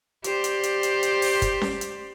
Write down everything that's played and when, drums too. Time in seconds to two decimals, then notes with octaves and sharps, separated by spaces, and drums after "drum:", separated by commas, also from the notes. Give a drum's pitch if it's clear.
0.24 G4 C5 D5, drum: hi-hat
0.44 drum: hi-hat
0.63 drum: hi-hat
0.83 drum: hi-hat
1.03 drum: hi-hat
1.22 drum: open hi-hat
1.42 drum: kick, hi-hat
1.61 drum: snare C#4
1.81 drum: hi-hat